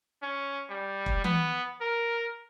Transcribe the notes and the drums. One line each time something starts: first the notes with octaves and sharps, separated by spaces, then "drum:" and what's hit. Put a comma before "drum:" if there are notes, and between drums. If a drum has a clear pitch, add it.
C#4
G3
drum: kick E1
B3, drum: tom E3
A#4